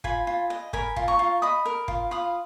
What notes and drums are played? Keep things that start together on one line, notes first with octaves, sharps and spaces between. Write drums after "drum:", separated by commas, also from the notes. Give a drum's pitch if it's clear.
F4 G#5 B5, drum: kick G1
F4
D#5
A#4 G#5 B5, drum: kick G1
F4, drum: kick G1
A#5 C#6
F4
D#5 B5 D#6
A#4
F4, drum: kick G1
F4 B5 D#6